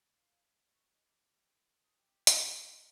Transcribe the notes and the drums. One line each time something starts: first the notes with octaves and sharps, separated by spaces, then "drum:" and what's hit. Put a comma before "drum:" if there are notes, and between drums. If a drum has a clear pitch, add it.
F5
A5
C#6
D#5
D6
G4
E4
D#6
G4
drum: hi-hat
G5